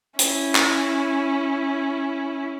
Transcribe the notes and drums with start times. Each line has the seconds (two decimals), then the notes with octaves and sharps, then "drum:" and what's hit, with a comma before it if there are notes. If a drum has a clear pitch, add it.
0.19 C#4 E4, drum: hi-hat
0.55 drum: clap